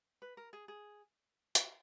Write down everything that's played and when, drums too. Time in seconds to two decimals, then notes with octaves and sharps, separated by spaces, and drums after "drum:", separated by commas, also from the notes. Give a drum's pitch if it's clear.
0.22 B4
0.37 A#4
0.53 G#4
0.68 G#4
1.55 drum: hi-hat